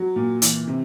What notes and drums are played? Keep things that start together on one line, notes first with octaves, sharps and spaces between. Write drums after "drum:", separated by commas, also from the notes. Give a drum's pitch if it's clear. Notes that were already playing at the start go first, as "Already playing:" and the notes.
Already playing: F#3
A#2
E3, drum: hi-hat
C3